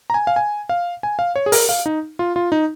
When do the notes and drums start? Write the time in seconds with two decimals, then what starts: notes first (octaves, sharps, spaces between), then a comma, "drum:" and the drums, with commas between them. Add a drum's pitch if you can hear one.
0.10 A#5
0.14 G#5
0.27 F5
0.36 G#5
0.69 F5
1.03 G#5
1.19 F5
1.36 C#5
1.46 G#4
1.52 A#4, drum: open hi-hat
1.69 F5
1.86 D#4
2.19 F4
2.36 F4
2.52 D#4